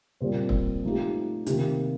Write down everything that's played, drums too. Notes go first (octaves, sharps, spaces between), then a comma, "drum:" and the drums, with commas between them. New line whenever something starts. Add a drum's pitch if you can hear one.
A#2 G3 C4
drum: kick
F3 A3 D#4 G4
C3 D#3 A#3, drum: hi-hat